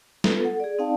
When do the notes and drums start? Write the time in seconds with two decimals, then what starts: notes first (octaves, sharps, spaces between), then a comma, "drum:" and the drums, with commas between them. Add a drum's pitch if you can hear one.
0.24 B3 F4 A4 B4, drum: snare
0.41 A4 F#5
0.60 G#4 D5
0.78 C4 D#4 D5 F5 G5 A5